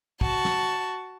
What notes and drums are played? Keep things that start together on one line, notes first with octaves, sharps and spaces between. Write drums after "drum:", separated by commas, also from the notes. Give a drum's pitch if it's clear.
F#4 A5, drum: kick
drum: snare